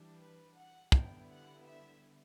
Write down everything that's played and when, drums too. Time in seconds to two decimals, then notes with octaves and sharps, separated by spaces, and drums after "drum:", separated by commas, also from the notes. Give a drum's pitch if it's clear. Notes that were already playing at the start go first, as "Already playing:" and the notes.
Already playing: E3 G3 D4
0.18 B4
0.55 F#5
0.92 D3 G3 B3 E4 G5, drum: kick
1.29 F#5
1.66 E5